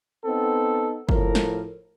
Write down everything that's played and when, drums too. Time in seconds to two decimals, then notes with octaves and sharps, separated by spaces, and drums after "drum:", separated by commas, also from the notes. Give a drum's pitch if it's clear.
0.24 B3 C4 D#4 A4
1.09 A2 F3 A#4, drum: kick
1.35 drum: snare